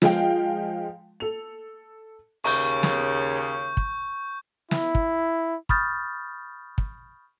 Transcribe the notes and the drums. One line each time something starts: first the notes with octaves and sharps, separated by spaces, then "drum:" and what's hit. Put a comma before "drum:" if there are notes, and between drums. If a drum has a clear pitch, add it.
F3 G#3 F5 G5, drum: snare
A4 F7
D#2 C#3 C#6 G6, drum: open hi-hat
drum: snare
drum: kick
E4, drum: snare
drum: kick
B5 C#6 D#6 F6 G6 A6, drum: kick
drum: kick